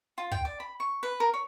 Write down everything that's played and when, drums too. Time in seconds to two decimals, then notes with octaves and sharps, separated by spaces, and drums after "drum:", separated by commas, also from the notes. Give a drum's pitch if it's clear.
0.18 F4
0.32 G5, drum: kick
0.45 D5
0.60 B5
0.80 C#6
1.03 B4
1.20 A#4
1.34 C#5